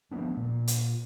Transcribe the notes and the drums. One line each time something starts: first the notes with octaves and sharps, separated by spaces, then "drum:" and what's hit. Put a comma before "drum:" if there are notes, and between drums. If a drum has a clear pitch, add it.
F3 A3 B3 D4
A#2
drum: hi-hat